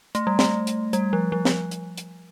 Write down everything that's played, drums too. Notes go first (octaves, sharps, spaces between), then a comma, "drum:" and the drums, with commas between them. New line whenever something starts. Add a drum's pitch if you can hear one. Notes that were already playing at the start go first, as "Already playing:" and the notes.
A3, drum: hi-hat
G3
A3, drum: snare
drum: hi-hat
G3, drum: hi-hat
F3
F3
drum: snare
drum: hi-hat
drum: hi-hat